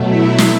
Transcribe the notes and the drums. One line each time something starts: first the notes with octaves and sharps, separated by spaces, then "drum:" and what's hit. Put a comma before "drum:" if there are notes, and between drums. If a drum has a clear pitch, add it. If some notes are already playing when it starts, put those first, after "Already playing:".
Already playing: B2 F#3 A3
E4 E5
drum: snare